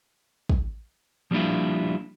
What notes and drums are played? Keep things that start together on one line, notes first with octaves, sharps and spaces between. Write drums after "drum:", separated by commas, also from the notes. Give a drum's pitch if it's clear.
drum: kick
F3 G3 A#3 D4 E4 F4